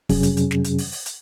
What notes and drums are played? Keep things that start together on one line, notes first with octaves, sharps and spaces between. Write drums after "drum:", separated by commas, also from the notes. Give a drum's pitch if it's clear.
F2 C3 F#3 C#4 G#4, drum: kick, open hi-hat
drum: hi-hat
drum: hi-hat
drum: snare
drum: hi-hat
drum: open hi-hat
drum: open hi-hat
drum: hi-hat